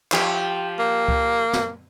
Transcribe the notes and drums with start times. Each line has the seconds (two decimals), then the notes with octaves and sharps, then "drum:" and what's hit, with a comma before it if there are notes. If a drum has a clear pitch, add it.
0.12 F3 G4, drum: clap
0.79 A#3
1.08 drum: kick C#2
1.53 drum: snare